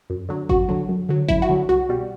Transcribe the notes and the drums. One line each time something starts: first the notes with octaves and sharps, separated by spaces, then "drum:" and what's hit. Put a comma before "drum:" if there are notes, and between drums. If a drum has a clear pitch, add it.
F#2
D3 F#3
F#2 F#4, drum: kick G#1
D3 F#3
F#2
D3 F#3
F#2 E4, drum: kick G#1
F#4
D3 F#3
C2 F#4
B2 G3